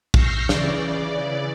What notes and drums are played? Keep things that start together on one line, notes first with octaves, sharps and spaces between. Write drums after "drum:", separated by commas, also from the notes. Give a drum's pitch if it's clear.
C#6 E6 F6 G6 A#6 C7, drum: kick
C#3 E3 D5, drum: snare